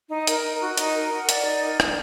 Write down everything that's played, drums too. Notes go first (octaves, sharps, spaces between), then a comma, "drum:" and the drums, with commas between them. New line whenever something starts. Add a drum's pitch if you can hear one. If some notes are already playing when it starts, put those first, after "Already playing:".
D#4
A#4, drum: hi-hat
D#4
F#4
D#4, drum: hi-hat
A#4
F#5
D5, drum: hi-hat
D#4
A#4
D4, drum: rim click